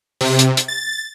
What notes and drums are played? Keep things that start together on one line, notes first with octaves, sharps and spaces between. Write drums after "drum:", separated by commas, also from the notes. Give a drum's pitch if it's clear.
C3, drum: open hi-hat
drum: hi-hat
drum: hi-hat
A6